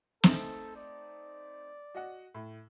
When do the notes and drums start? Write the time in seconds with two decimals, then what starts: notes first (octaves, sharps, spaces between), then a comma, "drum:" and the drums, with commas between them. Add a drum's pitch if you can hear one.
0.24 A3 C4 D#4 A4, drum: snare
0.76 D5
1.95 F#4 D#5 F#5
2.35 A2